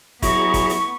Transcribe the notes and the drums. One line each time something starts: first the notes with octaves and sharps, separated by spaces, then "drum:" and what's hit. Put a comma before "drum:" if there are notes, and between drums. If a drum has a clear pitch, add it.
F#3 B3 E4 G#4 A#5 C#6, drum: kick, hi-hat
drum: kick, hi-hat
drum: hi-hat